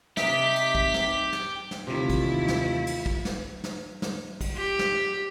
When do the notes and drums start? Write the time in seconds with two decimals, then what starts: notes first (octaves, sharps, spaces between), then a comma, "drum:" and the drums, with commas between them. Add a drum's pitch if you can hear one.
0.17 C3 D#4 G4 E5 B6, drum: snare
0.56 drum: cymbal
0.75 drum: kick
0.94 drum: snare
1.33 drum: snare
1.71 drum: snare
1.87 D#2 C3 D#3 E3 A3 E4 F4
2.10 drum: kick, cymbal
2.48 drum: snare
2.87 drum: cymbal
3.06 drum: kick
3.25 drum: snare
3.64 drum: snare
4.02 drum: snare
4.41 drum: kick, cymbal
4.57 G4
4.79 drum: snare